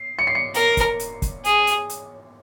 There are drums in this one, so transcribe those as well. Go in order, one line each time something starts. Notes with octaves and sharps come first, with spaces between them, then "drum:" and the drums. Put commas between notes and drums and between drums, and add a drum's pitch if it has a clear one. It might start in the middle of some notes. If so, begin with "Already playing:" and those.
Already playing: C7
C#7
C7
C#7
A#4, drum: hi-hat
drum: kick, hi-hat
drum: hi-hat
drum: kick, hi-hat
G#4, drum: hi-hat
drum: hi-hat
drum: hi-hat